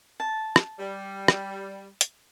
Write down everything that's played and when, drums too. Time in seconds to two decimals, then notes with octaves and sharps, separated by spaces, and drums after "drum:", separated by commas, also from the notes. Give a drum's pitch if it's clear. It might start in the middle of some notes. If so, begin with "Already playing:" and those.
0.20 A5
0.56 drum: rim click
0.79 G3
1.28 drum: rim click
2.01 drum: hi-hat